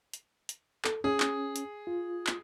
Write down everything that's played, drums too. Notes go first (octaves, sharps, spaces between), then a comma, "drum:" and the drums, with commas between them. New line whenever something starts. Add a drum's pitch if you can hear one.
drum: hi-hat
drum: hi-hat
A4, drum: clap
C#4 G#4
drum: clap
drum: hi-hat
F4
drum: clap